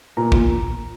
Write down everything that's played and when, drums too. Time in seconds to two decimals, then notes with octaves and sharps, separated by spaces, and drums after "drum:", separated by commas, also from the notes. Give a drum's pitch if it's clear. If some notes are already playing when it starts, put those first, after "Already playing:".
0.17 A#2 A#5
0.32 A#2, drum: kick